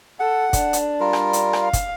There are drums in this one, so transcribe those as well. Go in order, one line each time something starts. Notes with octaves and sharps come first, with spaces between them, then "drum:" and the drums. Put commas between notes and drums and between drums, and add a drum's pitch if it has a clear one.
A4 F#5
D4, drum: kick, hi-hat
drum: hi-hat
G3 F4 A#4
drum: rim click
drum: hi-hat
drum: rim click
F5
drum: kick, hi-hat